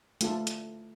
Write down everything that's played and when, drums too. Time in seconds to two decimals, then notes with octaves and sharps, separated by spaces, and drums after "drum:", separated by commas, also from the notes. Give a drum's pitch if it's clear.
0.21 A3 F4 A4, drum: hi-hat
0.47 drum: hi-hat